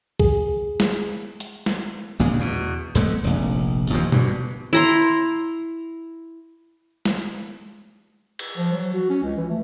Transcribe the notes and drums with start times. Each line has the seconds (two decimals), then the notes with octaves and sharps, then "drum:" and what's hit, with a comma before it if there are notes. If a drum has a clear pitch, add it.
0.20 G#4, drum: kick
0.80 drum: snare
1.40 drum: hi-hat
1.66 drum: snare
2.19 A#1 A#2 C#3 G#3
2.39 E2 B2
2.95 F2 G#3 A3 B3, drum: hi-hat
3.24 F1 A#1
3.90 D#2 A#2 F3
4.12 G2 B2, drum: tom B2
4.73 E4 A#5 C6
7.05 drum: snare
8.39 drum: cymbal
8.57 F3
8.72 F#3
8.94 F#4
9.10 C#4
9.23 C#2
9.37 E3
9.50 A3